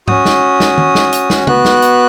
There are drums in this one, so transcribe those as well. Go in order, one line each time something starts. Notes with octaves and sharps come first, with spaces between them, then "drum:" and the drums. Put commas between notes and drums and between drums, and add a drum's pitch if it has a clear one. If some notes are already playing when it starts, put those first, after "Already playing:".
C#4 F#4 D#6, drum: tom G#2
drum: snare
drum: snare
drum: tom D#3
drum: snare
drum: hi-hat
drum: snare
B3 F#4 F#6, drum: tom
drum: snare
drum: hi-hat